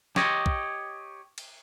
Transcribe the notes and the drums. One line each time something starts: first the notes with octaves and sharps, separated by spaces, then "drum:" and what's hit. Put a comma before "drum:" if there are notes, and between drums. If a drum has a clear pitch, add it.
G4 C#5 D#5, drum: snare
drum: kick
drum: cymbal